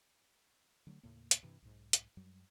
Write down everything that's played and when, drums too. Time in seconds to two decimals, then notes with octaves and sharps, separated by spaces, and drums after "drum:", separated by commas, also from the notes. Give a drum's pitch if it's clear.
0.87 D3 F#3 A3
1.03 D#2 A2 C#3 A#3
1.31 drum: hi-hat
1.43 G2 C3 E3
1.62 B1 G#2
1.93 drum: hi-hat
2.17 F#2 F#3 G3